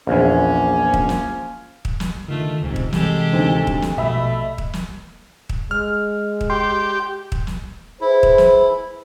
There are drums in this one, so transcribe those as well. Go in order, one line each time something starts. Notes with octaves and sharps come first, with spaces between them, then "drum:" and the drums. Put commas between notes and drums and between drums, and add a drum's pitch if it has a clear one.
A#1 E2 F3 A#3 C#4
drum: kick
drum: snare
drum: kick
drum: snare
D3 D#3 A3 F4
D#1 C#2 G#2 C3
drum: kick
C3 E3 G3 G#3 G4 A4, drum: snare
D2 D#3 C4
drum: kick
drum: snare
A#1 B2 A3 D#5 E5 B5
drum: kick
drum: snare
drum: kick
G#3 F6
drum: kick
G4 C6
drum: kick
drum: snare
E4 G#4 B4 C5
drum: kick
drum: snare